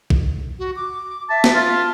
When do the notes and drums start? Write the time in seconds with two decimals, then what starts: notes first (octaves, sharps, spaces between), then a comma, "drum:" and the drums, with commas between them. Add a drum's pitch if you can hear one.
0.10 drum: kick
0.59 F#4
0.76 D6
1.30 E5 A5
1.44 drum: snare
1.55 F4 E5
1.72 A5